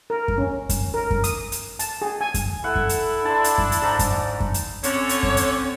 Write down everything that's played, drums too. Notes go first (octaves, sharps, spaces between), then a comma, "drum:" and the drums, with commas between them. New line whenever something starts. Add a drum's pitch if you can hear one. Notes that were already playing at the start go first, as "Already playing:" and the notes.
A#4
drum: kick F#2
C#4
drum: kick F#2, hi-hat
A#4
drum: kick F#2
D#6, drum: hi-hat
drum: hi-hat
A5, drum: hi-hat
G#4
G#5
drum: kick F#2, hi-hat
E4 A4 F#5
drum: kick F#2
drum: hi-hat
D4 A5 C6
drum: hi-hat
drum: kick F#2
drum: hi-hat
G#2 A4 A#5 B5
drum: kick F#2, hi-hat
drum: kick F#2
drum: hi-hat
D3 C4 C#4 C#5, drum: hi-hat
drum: hi-hat
drum: kick F#2
drum: hi-hat